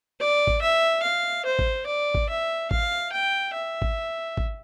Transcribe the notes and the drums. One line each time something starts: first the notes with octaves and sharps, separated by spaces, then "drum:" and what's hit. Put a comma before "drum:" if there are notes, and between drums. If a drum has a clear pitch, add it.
D5
drum: kick
E5
F5
C5
drum: kick
D5
drum: kick
E5
F5, drum: kick
G5
E5
drum: kick
drum: kick